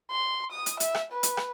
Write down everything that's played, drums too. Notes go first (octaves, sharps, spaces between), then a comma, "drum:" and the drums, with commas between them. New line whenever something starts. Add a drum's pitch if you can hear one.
C6
D#6
drum: hi-hat
E5, drum: hi-hat
drum: rim click
B4
drum: hi-hat
drum: rim click